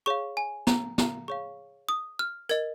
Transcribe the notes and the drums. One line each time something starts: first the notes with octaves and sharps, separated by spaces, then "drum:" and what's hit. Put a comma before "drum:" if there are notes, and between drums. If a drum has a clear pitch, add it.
G#4 C#5 F5 C#6
G#5
A#5, drum: snare
A#5, drum: snare
G#4 C#5 F5 C#6
D#6
F6
A#4 D#5 G#6, drum: hi-hat